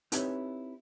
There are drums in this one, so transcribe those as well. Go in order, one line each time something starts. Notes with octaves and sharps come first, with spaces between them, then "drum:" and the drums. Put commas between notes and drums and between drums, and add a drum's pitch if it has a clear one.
C4 D#4 E4 G4 B4 C#5, drum: hi-hat